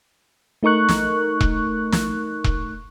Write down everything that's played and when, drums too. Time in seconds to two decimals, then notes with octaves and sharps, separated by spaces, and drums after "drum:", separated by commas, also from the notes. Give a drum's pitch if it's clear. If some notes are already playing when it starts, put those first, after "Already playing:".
0.63 A3 D#4 A#4 C#6 F#6
0.89 drum: snare
1.41 drum: kick E1
1.92 drum: snare
2.44 drum: kick E1